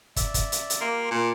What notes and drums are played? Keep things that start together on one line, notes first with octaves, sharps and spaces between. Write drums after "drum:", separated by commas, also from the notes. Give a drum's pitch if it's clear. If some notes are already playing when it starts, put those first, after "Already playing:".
D5 E5, drum: kick, hi-hat
drum: kick, hi-hat
drum: hi-hat
drum: hi-hat
A#3 F4 G4
A#2 A5 D6